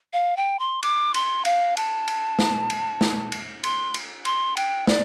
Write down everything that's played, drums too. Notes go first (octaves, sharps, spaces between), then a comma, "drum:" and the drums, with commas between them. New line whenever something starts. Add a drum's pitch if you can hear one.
F5
G5
C6
D6, drum: cymbal
C6, drum: cymbal
F5, drum: cymbal
A5, drum: cymbal
drum: cymbal
drum: snare
drum: cymbal
drum: snare
drum: cymbal
C6, drum: cymbal
drum: cymbal
C6, drum: cymbal
G5, drum: cymbal
D5, drum: snare